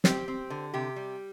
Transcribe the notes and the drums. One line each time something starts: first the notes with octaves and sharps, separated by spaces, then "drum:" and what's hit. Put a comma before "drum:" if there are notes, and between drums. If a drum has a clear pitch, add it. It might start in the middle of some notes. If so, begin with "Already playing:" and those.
C4 G4, drum: snare
C4
D3
C3 G4
G3